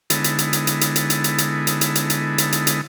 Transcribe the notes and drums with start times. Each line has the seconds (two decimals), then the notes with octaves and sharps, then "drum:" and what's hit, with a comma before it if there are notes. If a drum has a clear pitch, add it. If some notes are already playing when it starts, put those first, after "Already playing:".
0.10 D3 G#3 B3 D#4 E4 A4, drum: hi-hat
0.24 drum: hi-hat
0.39 drum: hi-hat
0.53 drum: hi-hat
0.67 drum: hi-hat
0.81 drum: hi-hat
0.96 drum: hi-hat
1.10 drum: hi-hat
1.24 drum: hi-hat
1.38 drum: hi-hat
1.67 drum: hi-hat
1.81 drum: hi-hat
1.95 drum: hi-hat
2.10 drum: hi-hat
2.38 drum: hi-hat
2.52 drum: hi-hat
2.67 drum: hi-hat